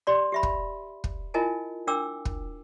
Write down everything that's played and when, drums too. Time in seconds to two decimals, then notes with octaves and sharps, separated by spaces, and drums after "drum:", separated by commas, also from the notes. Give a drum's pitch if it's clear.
0.07 G4 D5 C6
0.32 G4 E5 B5
0.43 drum: kick
1.04 drum: kick
1.34 E4 F4 A#4 D#5 G#5 A5
1.87 D4 A#4 G5 D6 E6
2.25 drum: kick